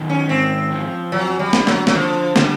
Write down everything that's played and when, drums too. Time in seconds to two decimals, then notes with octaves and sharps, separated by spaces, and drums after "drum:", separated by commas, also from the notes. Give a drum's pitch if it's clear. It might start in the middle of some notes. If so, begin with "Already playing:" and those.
Already playing: F#2 D#3
0.09 C#4
0.29 G#2 C4
0.71 F3
1.12 F#2 F#3
1.39 G3
1.53 D3, drum: snare
1.67 F#3, drum: snare
1.87 F#3, drum: snare
1.94 D3 F3
2.36 D3 G3, drum: snare